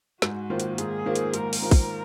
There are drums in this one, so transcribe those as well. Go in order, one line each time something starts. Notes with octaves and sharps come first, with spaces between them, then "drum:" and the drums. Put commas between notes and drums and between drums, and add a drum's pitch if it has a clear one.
G#2 F#4, drum: snare
D#3 A#3 F4 C5
drum: hi-hat
G#2 G#4, drum: hi-hat
D#3 A#3 F4 C5
drum: hi-hat
G#2 A#4, drum: hi-hat
drum: open hi-hat
D#3 A#3 F4 C5
drum: kick, open hi-hat